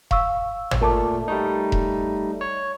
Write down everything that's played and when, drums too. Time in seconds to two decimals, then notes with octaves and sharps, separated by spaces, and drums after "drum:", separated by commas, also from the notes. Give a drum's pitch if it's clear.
0.11 F5 C#6 E6, drum: kick E1
0.71 drum: tom
0.81 A#2 A3 A#4 A5 D6
1.28 G3 A3 D#4
1.72 drum: kick E1
2.41 C#5